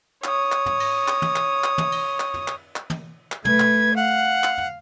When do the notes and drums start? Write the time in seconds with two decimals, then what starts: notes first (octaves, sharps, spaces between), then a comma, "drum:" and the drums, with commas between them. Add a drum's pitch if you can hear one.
0.24 C#5 D#6, drum: clap
0.52 drum: clap
0.66 drum: tom
0.80 drum: cymbal
1.08 drum: clap
1.22 drum: tom
1.36 drum: clap
1.64 drum: clap
1.78 drum: tom
1.92 drum: cymbal
2.20 drum: clap
2.34 drum: tom
2.48 drum: clap
2.76 drum: clap
2.90 drum: tom
3.32 drum: clap
3.45 A3 B4 G#6, drum: tom
3.60 drum: clap
3.96 F5 F#5
4.44 drum: clap
4.58 drum: tom